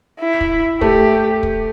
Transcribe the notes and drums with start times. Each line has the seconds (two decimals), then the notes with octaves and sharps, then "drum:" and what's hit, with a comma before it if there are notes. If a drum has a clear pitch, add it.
0.20 E4
0.41 drum: kick
0.81 A3 G4, drum: kick
1.43 drum: kick